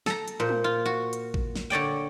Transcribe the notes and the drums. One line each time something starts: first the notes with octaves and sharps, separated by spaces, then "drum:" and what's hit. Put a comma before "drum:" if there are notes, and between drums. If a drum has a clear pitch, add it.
A4 A#5, drum: snare
drum: hi-hat
A#2 C5
drum: tom
F4
F#4
drum: hi-hat
drum: kick A1
drum: snare
D3 C#5 D5 G5